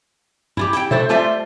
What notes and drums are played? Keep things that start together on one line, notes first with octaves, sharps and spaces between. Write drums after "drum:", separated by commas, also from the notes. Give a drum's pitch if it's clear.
E4 F4 G4, drum: tom G2
E4 G5, drum: hi-hat
F#4 A4 C5 E5, drum: tom
G3 A3 F4 C5 E5